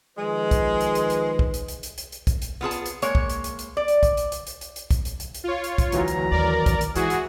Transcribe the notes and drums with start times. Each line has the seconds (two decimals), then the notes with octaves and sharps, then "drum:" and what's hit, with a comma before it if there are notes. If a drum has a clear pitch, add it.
0.17 D#3 F3 G#3 B4
0.51 drum: kick, hi-hat
0.81 drum: hi-hat
0.95 drum: hi-hat
1.10 drum: hi-hat
1.39 drum: kick
1.54 drum: hi-hat
1.68 drum: hi-hat
1.83 drum: hi-hat
1.98 drum: hi-hat
2.12 drum: hi-hat
2.27 drum: kick, hi-hat
2.42 drum: hi-hat
2.61 B3 F4 G#4 A5
2.71 drum: hi-hat
2.86 drum: hi-hat
3.02 G#3 A#3 C#5, drum: hi-hat
3.15 drum: kick
3.30 drum: hi-hat
3.44 drum: hi-hat
3.59 drum: hi-hat
3.77 D5
3.88 drum: hi-hat
4.03 drum: kick, hi-hat
4.17 drum: hi-hat
4.32 drum: hi-hat
4.47 drum: hi-hat
4.61 drum: hi-hat
4.76 drum: hi-hat
4.91 drum: kick, hi-hat
5.05 drum: hi-hat
5.20 drum: hi-hat
5.34 drum: hi-hat
5.44 F4 C#5
5.64 drum: hi-hat
5.78 drum: kick, hi-hat
5.92 D2 E3 F#3 A#5, drum: hi-hat
6.08 drum: hi-hat
6.31 D#2 A#4 D5
6.66 drum: kick, hi-hat
6.81 drum: hi-hat
6.96 G#2 E3 F#4 G#4, drum: hi-hat
7.10 drum: hi-hat